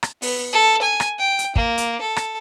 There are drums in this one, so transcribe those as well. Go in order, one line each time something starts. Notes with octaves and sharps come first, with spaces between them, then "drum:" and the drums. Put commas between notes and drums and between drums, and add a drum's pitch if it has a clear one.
drum: rim click
B3, drum: open hi-hat
A4
G#5
drum: rim click
G5
drum: hi-hat
A#3, drum: kick
drum: hi-hat
A4
drum: rim click